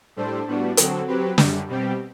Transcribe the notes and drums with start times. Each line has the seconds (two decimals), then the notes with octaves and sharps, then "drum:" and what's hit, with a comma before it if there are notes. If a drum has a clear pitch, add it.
0.16 A2 G3 D4 A4 C5
0.48 A2 G3 B3 D4 F#4
0.77 D3 F#3 C4 F#4 A4, drum: hi-hat
1.07 F#3 C4 G4 B4
1.38 F#2 D3 G3, drum: snare
1.68 B2 G3 C4 G4